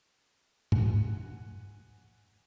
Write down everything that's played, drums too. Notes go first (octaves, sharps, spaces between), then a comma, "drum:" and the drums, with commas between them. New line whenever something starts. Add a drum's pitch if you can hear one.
F#5 G#5, drum: tom